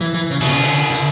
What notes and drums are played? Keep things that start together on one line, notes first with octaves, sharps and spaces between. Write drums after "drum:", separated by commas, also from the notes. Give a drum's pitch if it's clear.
E3
E3
C#3
B2, drum: cymbal
C#3
D3
D3